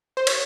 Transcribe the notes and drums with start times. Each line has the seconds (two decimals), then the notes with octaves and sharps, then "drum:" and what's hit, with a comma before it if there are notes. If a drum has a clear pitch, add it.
0.17 C5
0.27 C#5, drum: cymbal